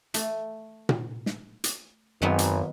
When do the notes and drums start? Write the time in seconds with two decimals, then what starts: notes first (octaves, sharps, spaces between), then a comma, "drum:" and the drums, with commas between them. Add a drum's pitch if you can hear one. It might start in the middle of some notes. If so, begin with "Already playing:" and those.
0.14 A3, drum: hi-hat
0.89 drum: tom A#2
1.26 drum: snare
1.64 drum: hi-hat
2.22 G#1 F#2 D#3 F#3 B3
2.38 drum: hi-hat